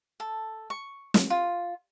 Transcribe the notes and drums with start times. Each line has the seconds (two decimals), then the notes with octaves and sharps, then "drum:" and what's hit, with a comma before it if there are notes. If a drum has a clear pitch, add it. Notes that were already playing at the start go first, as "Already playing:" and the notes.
0.20 A4
0.70 C#6
1.14 drum: snare
1.30 F4